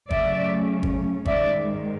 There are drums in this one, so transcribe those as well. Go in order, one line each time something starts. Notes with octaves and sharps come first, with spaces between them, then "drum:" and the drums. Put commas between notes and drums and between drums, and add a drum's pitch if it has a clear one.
C#3 F#3 A3 C#4 D5 E5, drum: kick
drum: kick
G#2 D#3 G#3 D5 E5, drum: kick